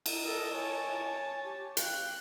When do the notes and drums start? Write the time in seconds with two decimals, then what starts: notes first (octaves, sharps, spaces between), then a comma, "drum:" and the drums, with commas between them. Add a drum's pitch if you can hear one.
0.06 drum: cymbal
0.24 A4 A#4 D#5
0.54 C#5 G#5 A5
1.44 G4
1.77 F5 G5 F#6, drum: hi-hat